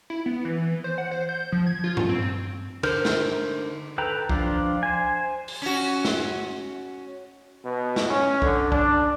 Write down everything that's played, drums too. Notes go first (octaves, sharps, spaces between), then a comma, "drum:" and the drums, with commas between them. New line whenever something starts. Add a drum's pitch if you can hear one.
E4
B3
E3
C5
F#5
C5
G6
F3
G#6
F4
drum: tom G2
C4
D3 D#4 A#4 C5, drum: cymbal
drum: snare
A4 B4 G5 A#5
F3 D4 F4, drum: kick
C5 G#5
drum: open hi-hat
C#4 F#4
drum: snare
B2
drum: snare
C#4
D3, drum: kick
D4, drum: kick